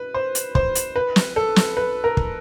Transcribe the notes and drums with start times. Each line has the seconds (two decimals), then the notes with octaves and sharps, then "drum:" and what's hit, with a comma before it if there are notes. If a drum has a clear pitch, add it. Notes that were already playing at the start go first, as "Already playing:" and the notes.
Already playing: B4
0.14 C5
0.35 drum: hi-hat
0.55 C5, drum: kick
0.75 drum: hi-hat
0.96 B4
1.16 drum: snare
1.36 A4
1.56 drum: snare
1.77 B4
2.04 A#4
2.17 drum: kick